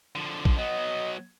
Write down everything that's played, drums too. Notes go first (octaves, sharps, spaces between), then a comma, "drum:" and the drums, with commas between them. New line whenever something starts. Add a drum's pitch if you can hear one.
D3 F3
drum: kick
F#3 B3 D#5